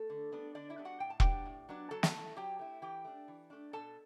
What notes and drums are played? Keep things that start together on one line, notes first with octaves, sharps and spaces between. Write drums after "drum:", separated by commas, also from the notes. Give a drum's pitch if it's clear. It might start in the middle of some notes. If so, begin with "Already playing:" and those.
Already playing: A3 A4
D3
G3 B3 D4
D3 D4 D5
E4 E5
G3 B3 D4
F#4 F#5
A2 G5
A5
F#3 B3 D4 G4 G5, drum: kick E1
A2
F#3 B3 D4
F#3 A4 A5
drum: snare
A3 E4
F#3 G4 G5
A3 E4
E3 G4 G5
A3 D4
E3
A3 D4
B2 A4 A5